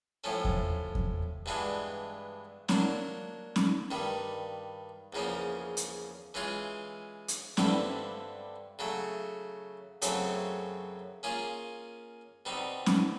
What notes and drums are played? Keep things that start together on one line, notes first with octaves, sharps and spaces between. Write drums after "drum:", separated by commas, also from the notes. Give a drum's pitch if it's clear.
A2 F3 A3 C#4
drum: kick E2
drum: kick E2
G2 E3 G#3 B3 D4
F#3 A#3 D4, drum: snare C#4
drum: snare C#4
G2 D#3 G3
E2 C#3 F3 A#3 C#4
drum: hi-hat
E3 G#3 C#4 F4 G#4
drum: hi-hat
G2 D3 G3 C4 E4, drum: snare C#4
C#3 F#3 A3
F#2 C#3 F#3 A3 C4, drum: hi-hat
A#3 C#4 F4 G#4
B2 G3 C4 D#4
drum: snare C#4